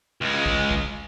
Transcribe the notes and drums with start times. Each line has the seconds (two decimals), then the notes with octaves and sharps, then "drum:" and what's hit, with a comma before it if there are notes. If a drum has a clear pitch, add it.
0.21 C#2 G#3
0.46 drum: kick
0.71 drum: kick